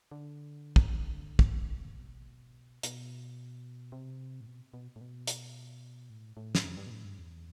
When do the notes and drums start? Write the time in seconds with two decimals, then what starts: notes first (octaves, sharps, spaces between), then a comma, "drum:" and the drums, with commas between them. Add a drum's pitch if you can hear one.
0.11 D3
0.76 drum: kick
1.39 drum: kick
1.75 B2
2.83 B2, drum: hi-hat
3.92 C3
4.41 A2
4.47 B2
4.74 B2
4.96 A2
5.01 B2
5.27 drum: hi-hat
6.10 A2
6.37 A2
6.55 drum: snare
6.64 F2
6.77 G2
6.87 B2
6.91 A2
7.05 G2
7.18 E2